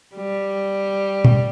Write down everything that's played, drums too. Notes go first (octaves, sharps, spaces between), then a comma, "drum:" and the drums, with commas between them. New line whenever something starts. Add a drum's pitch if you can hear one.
G3
drum: tom A#2